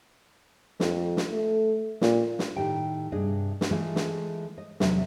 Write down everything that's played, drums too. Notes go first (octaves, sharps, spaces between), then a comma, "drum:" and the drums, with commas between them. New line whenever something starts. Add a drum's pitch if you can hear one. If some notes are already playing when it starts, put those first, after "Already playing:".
F2, drum: snare
drum: snare
A3
A#2, drum: snare
drum: snare
A2 D#3 G4 G5
G2 C3 D4 G#4 D#5
drum: snare
E3 G#3 A3 F4 G#4
drum: snare
D#5
E2 C3 F#3 A4 E5, drum: snare